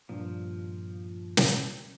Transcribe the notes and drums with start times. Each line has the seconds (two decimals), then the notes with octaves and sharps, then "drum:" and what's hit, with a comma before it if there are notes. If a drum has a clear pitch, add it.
0.09 G2 A#2 F3
1.37 drum: snare